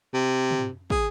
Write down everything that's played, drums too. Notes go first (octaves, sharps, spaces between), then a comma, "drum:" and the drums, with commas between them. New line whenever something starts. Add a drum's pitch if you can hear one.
C3
drum: tom
G#4, drum: kick